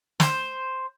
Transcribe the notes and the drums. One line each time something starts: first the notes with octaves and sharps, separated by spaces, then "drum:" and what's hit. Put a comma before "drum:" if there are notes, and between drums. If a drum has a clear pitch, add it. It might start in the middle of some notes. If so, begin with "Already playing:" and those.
C5, drum: snare